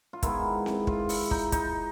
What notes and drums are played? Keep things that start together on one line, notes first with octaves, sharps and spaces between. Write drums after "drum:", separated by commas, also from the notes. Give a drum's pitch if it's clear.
F4
D#3 G#3 B3 E4, drum: kick, hi-hat
drum: snare C4
F4, drum: kick
E4, drum: open hi-hat
D#4, drum: kick
D#4, drum: kick, hi-hat